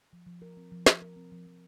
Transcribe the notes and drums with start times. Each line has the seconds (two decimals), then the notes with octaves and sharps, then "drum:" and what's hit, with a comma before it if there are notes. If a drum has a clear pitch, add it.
0.13 F3
0.27 F3
0.42 A#4
0.57 C4
0.72 F3
0.86 F3, drum: snare
1.02 A#4
1.16 C4
1.32 F3
1.46 F3